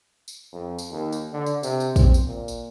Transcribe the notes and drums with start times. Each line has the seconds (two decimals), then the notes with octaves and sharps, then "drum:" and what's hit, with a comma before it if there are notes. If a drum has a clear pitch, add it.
0.28 drum: tambourine
0.53 F2
0.79 drum: tambourine
0.91 D#2
1.12 drum: tambourine
1.33 D3
1.46 drum: tambourine
1.63 C3, drum: tambourine
1.80 drum: tambourine
1.96 C4, drum: kick, tambourine
2.14 drum: tambourine
2.27 A#2
2.48 drum: tambourine